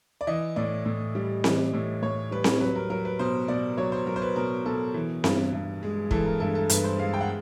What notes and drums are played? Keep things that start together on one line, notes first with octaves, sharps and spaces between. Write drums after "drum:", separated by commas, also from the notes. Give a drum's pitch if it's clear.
D5
E3 D#5
A2 D5
A2
G3
E3, drum: snare C4
A2
A2 C#5
G3 B4
drum: snare C4
F#3 B4
A#4
F#3 A#4
B4
B2 C5
B2 D5
F#3 C#5
C5
F#3 A#4
C5
B4
B2 A#4
B2 A4
E3
G2, drum: snare C4
G2
G#3
E3 A4, drum: kick
A#4
G2 A4
A4
G2 B4, drum: hi-hat
C5
G#3 F5
G5
F#5